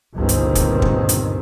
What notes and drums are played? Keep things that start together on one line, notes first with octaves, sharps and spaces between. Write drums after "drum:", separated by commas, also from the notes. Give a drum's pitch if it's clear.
G1 C#2 G2 A#2 D#3 C4
drum: hi-hat
drum: kick, hi-hat
drum: kick
drum: hi-hat